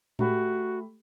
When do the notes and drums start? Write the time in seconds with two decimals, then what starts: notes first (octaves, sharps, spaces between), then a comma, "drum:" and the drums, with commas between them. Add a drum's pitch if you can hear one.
0.19 A3 F#4 G4 B5, drum: tom A2